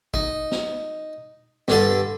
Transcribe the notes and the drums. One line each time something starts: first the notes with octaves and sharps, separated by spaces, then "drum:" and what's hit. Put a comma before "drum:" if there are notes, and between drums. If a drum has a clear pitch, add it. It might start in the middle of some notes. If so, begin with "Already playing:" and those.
D#4, drum: kick
drum: snare
G2 D3 A4, drum: snare